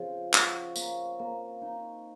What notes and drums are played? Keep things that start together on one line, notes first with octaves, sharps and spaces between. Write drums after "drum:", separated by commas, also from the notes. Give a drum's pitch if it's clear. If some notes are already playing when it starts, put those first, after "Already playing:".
Already playing: C#3 F3 C4
F#4, drum: clap
A#3, drum: tambourine
A#3
D#4